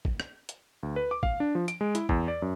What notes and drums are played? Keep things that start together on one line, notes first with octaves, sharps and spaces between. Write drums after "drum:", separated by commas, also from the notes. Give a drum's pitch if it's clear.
drum: kick
drum: rim click
drum: hi-hat
D2
B4
D6
F5, drum: kick
D4
F3
D7, drum: hi-hat
G#3
E4, drum: hi-hat
E2, drum: kick
D5
F#2